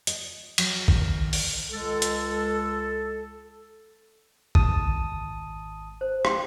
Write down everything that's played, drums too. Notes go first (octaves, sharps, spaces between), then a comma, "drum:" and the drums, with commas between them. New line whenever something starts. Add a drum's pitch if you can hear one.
D#5, drum: hi-hat
F#3, drum: cymbal
D#3, drum: kick A1
drum: open hi-hat
C#2 G#3 A4
drum: hi-hat
G#1 A5 D#6, drum: kick A1
C5
F5 G5 C6, drum: rim click